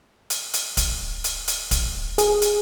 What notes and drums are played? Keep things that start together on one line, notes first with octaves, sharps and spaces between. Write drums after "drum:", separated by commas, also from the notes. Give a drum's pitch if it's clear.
drum: hi-hat
drum: hi-hat
drum: kick, hi-hat
drum: hi-hat
drum: hi-hat
drum: kick, hi-hat
G#4, drum: hi-hat
drum: hi-hat